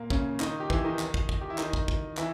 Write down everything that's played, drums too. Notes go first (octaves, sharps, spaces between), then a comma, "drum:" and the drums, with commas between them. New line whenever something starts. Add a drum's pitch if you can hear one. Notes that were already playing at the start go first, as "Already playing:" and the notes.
Already playing: A#2 A#3
C#3 C#4, drum: kick
D#3 D#4, drum: clap
G4
E3 E4, drum: kick
D#3 D#4
drum: clap
drum: kick
drum: kick
G4
E4
D#3 D#4, drum: clap
drum: kick
drum: kick
E3 E4, drum: clap